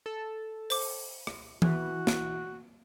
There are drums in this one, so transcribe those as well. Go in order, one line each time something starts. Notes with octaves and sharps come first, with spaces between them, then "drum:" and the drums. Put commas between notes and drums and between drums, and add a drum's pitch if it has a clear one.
A4
C5 D6, drum: open hi-hat
drum: rim click
E3 F#4, drum: tom E3
drum: snare